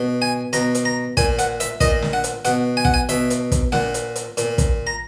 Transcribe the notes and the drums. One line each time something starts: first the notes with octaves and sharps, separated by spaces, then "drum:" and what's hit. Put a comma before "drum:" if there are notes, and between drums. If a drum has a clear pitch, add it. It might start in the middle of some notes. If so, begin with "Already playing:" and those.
Already playing: B2
G#5
B2 A#5, drum: hi-hat
drum: hi-hat
A#5
A#2 G#5, drum: kick, hi-hat
F#5, drum: hi-hat
E5, drum: hi-hat
A#2 D#5, drum: kick, hi-hat
drum: snare
F#5
drum: hi-hat
B2 F#5, drum: hi-hat
G#5
F#5, drum: kick
G#5
B2 E5, drum: hi-hat
drum: hi-hat
drum: kick, hi-hat
A#2 F#5, drum: snare
drum: hi-hat
drum: hi-hat
A#2, drum: hi-hat
drum: kick, hi-hat
A#5